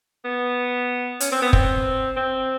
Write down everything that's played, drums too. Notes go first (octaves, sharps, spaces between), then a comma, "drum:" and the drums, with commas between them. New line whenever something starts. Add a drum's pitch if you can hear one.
B3
C#4, drum: hi-hat
C4
B3
C4, drum: kick
C4